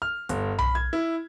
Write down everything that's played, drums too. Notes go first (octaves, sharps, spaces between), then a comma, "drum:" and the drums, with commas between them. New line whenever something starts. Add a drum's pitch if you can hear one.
F6
G1, drum: hi-hat
B5, drum: tom B1
G#6
E4